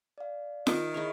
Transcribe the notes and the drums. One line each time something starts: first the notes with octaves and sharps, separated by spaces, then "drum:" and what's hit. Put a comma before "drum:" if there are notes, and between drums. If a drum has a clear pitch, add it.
D5 F5
D#3, drum: snare
D#4 E4 G#4 C#5 C7